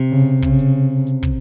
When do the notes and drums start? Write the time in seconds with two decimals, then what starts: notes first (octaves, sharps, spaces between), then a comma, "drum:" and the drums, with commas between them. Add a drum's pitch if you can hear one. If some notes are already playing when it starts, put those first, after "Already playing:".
Already playing: C3
0.11 C#3
0.42 C#3, drum: kick, hi-hat
0.59 drum: hi-hat
1.07 drum: hi-hat
1.23 drum: kick, hi-hat